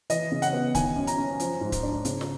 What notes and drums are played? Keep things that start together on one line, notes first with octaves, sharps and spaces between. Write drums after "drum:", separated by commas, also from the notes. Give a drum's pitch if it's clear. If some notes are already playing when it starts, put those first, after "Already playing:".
E3 D#5, drum: hi-hat
C#3
F#5, drum: hi-hat
B3
D#3 G#5, drum: kick C#1, hi-hat
F#2
A#5, drum: hi-hat
C#4
F3, drum: hi-hat
G#2
drum: kick C#1, hi-hat
D4
C#3, drum: hi-hat
drum: snare